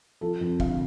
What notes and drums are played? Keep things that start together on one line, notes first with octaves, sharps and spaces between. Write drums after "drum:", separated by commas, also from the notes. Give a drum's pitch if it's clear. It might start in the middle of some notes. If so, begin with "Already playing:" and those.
F3 A4
F2
D3 F5, drum: kick